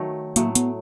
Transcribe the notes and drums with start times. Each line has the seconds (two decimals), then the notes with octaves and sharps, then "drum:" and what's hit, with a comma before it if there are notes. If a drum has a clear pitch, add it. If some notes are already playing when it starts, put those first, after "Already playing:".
Already playing: D#3 F#3 A3
0.36 A2 F#3 A3 A#3, drum: hi-hat
0.55 B3, drum: hi-hat